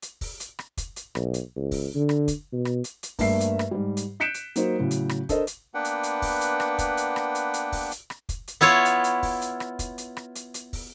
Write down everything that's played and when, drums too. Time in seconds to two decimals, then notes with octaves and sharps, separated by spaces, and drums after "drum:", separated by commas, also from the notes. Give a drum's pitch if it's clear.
0.02 drum: hi-hat
0.21 drum: kick, open hi-hat
0.40 drum: hi-hat
0.59 drum: rim click
0.77 drum: kick, hi-hat
0.96 drum: hi-hat
1.15 B1, drum: rim click
1.34 drum: hi-hat
1.56 C#2
1.71 drum: kick, open hi-hat
1.95 D3
2.09 drum: rim click
2.28 drum: kick, hi-hat
2.52 B2
2.65 drum: rim click
2.84 drum: hi-hat
3.03 drum: hi-hat
3.19 G2 A3 A#3 E5 C7, drum: kick, open hi-hat
3.40 drum: hi-hat
3.59 drum: rim click
3.71 G#2 G3
3.97 drum: hi-hat
4.20 F#6 G6 B6 C#7 D7 E7
4.34 drum: hi-hat
4.56 F#3 A#3 D#4 C5, drum: hi-hat
4.79 A2 C#3 F#3
4.91 drum: hi-hat
5.09 drum: rim click
5.29 D4 A4 A#4 C5 D#5, drum: kick, hi-hat
5.47 drum: hi-hat
5.74 A#3 B3 D4 B4 F#5 G5
5.85 drum: hi-hat
6.03 drum: hi-hat
6.22 drum: kick, open hi-hat
6.41 drum: hi-hat
6.60 drum: rim click
6.78 drum: kick, hi-hat
6.97 drum: hi-hat
7.16 drum: rim click
7.35 drum: hi-hat
7.54 drum: hi-hat
7.72 drum: kick, open hi-hat
7.91 drum: hi-hat
8.10 drum: rim click
8.29 drum: kick, hi-hat
8.48 drum: hi-hat
8.61 B3 E4 F4 C#5
8.85 drum: hi-hat
9.04 drum: hi-hat
9.23 drum: kick, open hi-hat
9.41 drum: hi-hat
9.60 drum: rim click
9.79 drum: kick, hi-hat
9.98 drum: hi-hat
10.17 drum: rim click
10.35 drum: hi-hat
10.54 drum: hi-hat
10.73 drum: kick, open hi-hat